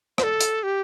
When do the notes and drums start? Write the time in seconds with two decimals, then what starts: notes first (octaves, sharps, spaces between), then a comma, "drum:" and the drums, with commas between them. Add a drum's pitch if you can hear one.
0.18 C5, drum: rim click
0.23 A4
0.41 drum: hi-hat
0.63 G4